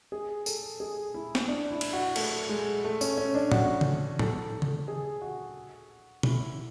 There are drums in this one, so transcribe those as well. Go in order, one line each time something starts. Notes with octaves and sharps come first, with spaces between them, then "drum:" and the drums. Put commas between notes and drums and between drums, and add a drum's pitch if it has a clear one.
G#4
A4, drum: tambourine
G#4
E4
drum: snare
D4
E4
drum: cymbal
F#4
A3, drum: cymbal
G#3
A3
C#4, drum: tambourine
C#4
D4
F#4, drum: tom A2
drum: tom C#3
A4, drum: tom A2
drum: tom C#3
G#4
F#4
E4, drum: tom